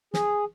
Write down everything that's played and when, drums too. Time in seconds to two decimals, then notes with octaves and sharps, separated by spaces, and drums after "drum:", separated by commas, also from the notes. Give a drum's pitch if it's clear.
0.14 G#4, drum: snare